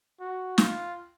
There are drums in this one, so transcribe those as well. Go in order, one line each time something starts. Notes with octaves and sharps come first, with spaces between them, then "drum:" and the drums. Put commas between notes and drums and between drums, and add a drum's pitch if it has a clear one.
F#4
F4, drum: snare